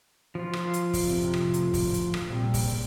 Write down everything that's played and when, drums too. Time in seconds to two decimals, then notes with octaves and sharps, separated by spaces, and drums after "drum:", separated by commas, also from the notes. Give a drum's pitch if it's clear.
0.35 F3 F4
0.53 drum: rim click
0.73 drum: hi-hat
0.94 drum: kick, open hi-hat
1.03 F2 A2 C3
1.34 drum: rim click
1.54 drum: hi-hat
1.74 D2, drum: kick, open hi-hat
1.94 drum: hi-hat
2.14 drum: rim click
2.27 A#1 C3 G3
2.54 drum: kick, open hi-hat